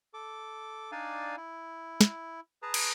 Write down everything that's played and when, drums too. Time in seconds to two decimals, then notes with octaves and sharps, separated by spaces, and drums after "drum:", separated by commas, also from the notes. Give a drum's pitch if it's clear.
0.14 A4 D6
0.92 D4 D#4 D5 F5 G#5
1.37 E4
2.01 drum: snare
2.62 G#4 B4 A5 A#5
2.74 drum: cymbal